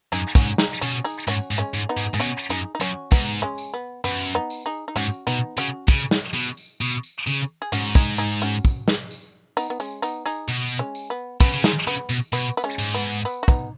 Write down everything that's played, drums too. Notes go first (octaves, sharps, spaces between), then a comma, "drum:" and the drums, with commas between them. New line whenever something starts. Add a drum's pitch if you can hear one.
F#2 D#4 G#4
G#2 C#4 F#4, drum: kick, tambourine
D#4 G#4, drum: snare
B2 C#4 F#4, drum: tambourine
D#4 G#4, drum: tambourine
G#2 C#4 F#4, drum: tambourine
G#2, drum: tambourine
G#3 C#4
G#2
B3 D#4
G#2, drum: tambourine
G#2 G#4
B2 C#4 F#4, drum: tambourine
F#2 D#4 G#4
D#4
F#2 C#4 F#4
G#2 B3 D#4, drum: kick, tambourine
G#3 C#4
drum: tambourine
B3
F#2 B3, drum: tambourine
B3 D#4
drum: tambourine
D#4 G#4
D#4
G#2 C#4 F#4, drum: tambourine
B2 B3 D#4
C#3 C#4 F#4
C#3, drum: kick, tambourine
drum: snare
B2, drum: tambourine
drum: tambourine
B2, drum: tambourine
drum: tambourine
C#3, drum: tambourine
G#4
G#2 C#4 F#4, drum: tambourine
D#4 G#4, drum: kick, tambourine
D#4 G#4, drum: tambourine
C#4 F#4, drum: tambourine
drum: kick, tambourine
drum: snare
drum: tambourine
B3 D#4, drum: tambourine
B3
G#3 C#4, drum: tambourine
B3 D#4, drum: tambourine
D#4 G#4, drum: tambourine
B2, drum: tambourine
G#3 C#4
drum: tambourine
B3
C#3 B3, drum: kick, tambourine
C#3
D#3 G#3, drum: snare
C#3 B3, drum: tambourine
B2, drum: tambourine
B2 B3, drum: tambourine
B3, drum: tambourine
G#3 C#4
G#2, drum: tambourine
B3
B3, drum: tambourine
F#4
B3 D#4, drum: kick, tambourine